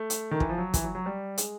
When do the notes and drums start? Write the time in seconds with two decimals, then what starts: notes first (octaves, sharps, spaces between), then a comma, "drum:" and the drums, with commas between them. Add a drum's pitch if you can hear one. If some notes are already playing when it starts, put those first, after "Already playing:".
Already playing: A3
0.10 drum: hi-hat
0.31 D#3
0.40 E3, drum: kick
0.49 F3
0.58 F#3
0.74 E3, drum: kick, hi-hat
0.84 F#3
0.95 F#3
1.06 G3
1.38 G#3, drum: hi-hat